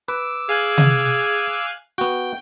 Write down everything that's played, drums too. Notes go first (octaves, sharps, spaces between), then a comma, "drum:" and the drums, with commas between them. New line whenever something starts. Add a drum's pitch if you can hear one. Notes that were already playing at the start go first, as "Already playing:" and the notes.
B4 D6 E6
G#4 F5 G#5 F#6
drum: tom C3
B3 F#4 G5